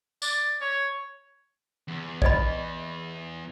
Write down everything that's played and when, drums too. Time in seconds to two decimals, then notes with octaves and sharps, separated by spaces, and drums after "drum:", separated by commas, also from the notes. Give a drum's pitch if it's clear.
0.22 D5, drum: tambourine
0.61 C#5
1.88 E2
2.22 D5 D#5 B5, drum: kick A#1